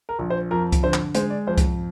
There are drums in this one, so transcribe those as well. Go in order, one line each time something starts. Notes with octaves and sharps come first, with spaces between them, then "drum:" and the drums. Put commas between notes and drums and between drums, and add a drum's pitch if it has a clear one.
A#4
A#1
C5
F2 A#4
drum: kick C2, hi-hat
D3 C5
drum: clap
G#3 C5, drum: hi-hat
D5
F2 C5
drum: kick C2, hi-hat